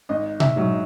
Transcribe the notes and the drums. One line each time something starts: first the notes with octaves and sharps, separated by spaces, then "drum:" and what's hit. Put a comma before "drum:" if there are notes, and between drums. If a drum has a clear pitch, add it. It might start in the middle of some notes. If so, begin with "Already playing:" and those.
G#1 D#5
E5, drum: tom B2
G#2 F#3